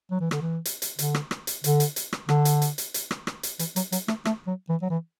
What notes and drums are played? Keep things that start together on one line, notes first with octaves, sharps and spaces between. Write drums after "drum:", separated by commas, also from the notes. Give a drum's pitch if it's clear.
F#3
E3
D3, drum: rim click
E3
drum: hi-hat
drum: hi-hat
D3, drum: hi-hat
drum: rim click
drum: rim click
drum: hi-hat
D3, drum: hi-hat
drum: hi-hat
drum: hi-hat
drum: rim click
D3, drum: rim click
drum: hi-hat
drum: hi-hat
drum: hi-hat
drum: hi-hat
drum: rim click
drum: rim click
drum: hi-hat
E3, drum: hi-hat
F#3, drum: hi-hat
F#3, drum: hi-hat
A3, drum: rim click
A3, drum: rim click
F#3
E3
F#3
E3